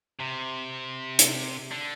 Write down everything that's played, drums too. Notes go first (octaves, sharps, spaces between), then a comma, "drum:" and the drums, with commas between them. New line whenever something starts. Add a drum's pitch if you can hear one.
C3
drum: hi-hat
D3